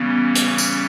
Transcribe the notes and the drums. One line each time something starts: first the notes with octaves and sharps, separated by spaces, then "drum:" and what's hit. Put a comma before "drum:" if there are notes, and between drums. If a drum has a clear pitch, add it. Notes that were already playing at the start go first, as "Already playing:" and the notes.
Already playing: C#3 E3 G3 B3 C#4
drum: hi-hat
C#4
drum: tambourine